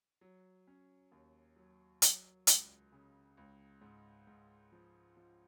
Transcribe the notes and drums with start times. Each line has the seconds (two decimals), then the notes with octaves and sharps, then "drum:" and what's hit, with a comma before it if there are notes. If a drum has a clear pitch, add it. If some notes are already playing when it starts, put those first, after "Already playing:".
0.21 F#3
0.67 C#4
1.12 D#2
1.56 F#3
2.02 F#3, drum: hi-hat
2.47 C#2, drum: hi-hat
2.92 C#3
3.37 C#2
3.81 G#2
4.27 G#2
4.72 F3
5.17 F3